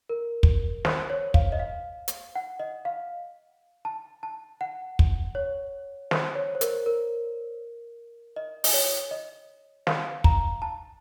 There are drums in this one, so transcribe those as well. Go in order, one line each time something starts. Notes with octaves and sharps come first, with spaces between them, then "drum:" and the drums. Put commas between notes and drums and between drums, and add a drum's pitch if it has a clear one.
A#4
drum: kick
C5, drum: snare
C#5
F5, drum: kick
D#5
F5
drum: hi-hat
F#5
D#5
F5
A5
A5
F#5
drum: kick
C#5
C5, drum: snare
C#5
C5
A#4, drum: hi-hat
A#4
D#5
D#5, drum: open hi-hat
C#5
D#5
F5, drum: snare
A#5, drum: kick
A5